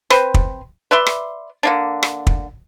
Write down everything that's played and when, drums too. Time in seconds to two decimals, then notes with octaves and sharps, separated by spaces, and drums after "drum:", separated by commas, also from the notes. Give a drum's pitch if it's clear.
0.10 C4 B4 C5, drum: rim click
0.34 drum: kick
0.91 B4 D5 E5 C6
1.06 drum: rim click
1.63 D3 A#3 D4
2.03 drum: rim click
2.27 drum: kick